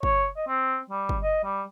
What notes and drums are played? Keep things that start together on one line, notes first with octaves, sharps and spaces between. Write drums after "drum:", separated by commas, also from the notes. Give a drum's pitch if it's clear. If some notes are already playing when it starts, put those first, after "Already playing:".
C#5, drum: kick
D#5
C4
G3
drum: kick
D#5
G3